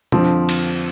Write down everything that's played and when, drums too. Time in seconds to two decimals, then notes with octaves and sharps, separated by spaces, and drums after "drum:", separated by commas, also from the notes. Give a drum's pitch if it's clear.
0.12 F2 D3 F3 C4, drum: tom
0.49 drum: cymbal